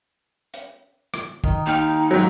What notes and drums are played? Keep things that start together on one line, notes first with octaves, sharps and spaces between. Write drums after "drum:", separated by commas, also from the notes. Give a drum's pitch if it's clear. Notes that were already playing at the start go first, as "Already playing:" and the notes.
drum: hi-hat
drum: rim click
D#3, drum: kick
D#2 D#4 G5 F6
G#2 F#3